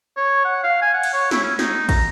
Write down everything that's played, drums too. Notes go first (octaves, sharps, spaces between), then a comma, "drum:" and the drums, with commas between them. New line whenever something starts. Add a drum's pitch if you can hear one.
C#5
F#5
F5
G#5
F#5
drum: cymbal
C#5
E4, drum: snare
C#4
D#4, drum: snare
A#5, drum: kick, cymbal